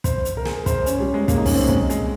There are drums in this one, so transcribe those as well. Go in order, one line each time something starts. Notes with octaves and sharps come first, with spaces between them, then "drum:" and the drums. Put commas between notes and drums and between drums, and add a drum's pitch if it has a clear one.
C5, drum: kick, hi-hat
drum: hi-hat
A#4
G#4, drum: snare
C5, drum: kick, hi-hat
C#4, drum: hi-hat
G3
G#3
A#3, drum: kick, hi-hat
D#4
C#4, drum: kick, open hi-hat
C4
A#3
G#3, drum: kick
G#3, drum: hi-hat